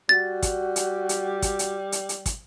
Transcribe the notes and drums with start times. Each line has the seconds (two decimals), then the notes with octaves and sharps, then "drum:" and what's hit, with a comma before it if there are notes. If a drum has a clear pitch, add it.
0.09 G3 F#4 A6
0.43 drum: kick, hi-hat
0.76 drum: hi-hat
1.09 drum: hi-hat
1.42 drum: kick, hi-hat
1.59 drum: hi-hat
1.92 drum: hi-hat
2.09 drum: hi-hat
2.26 drum: kick, hi-hat